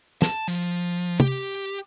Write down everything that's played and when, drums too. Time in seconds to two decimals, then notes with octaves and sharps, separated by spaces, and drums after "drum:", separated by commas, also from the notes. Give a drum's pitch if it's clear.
0.22 A5, drum: snare
0.48 F3
1.20 G4, drum: tom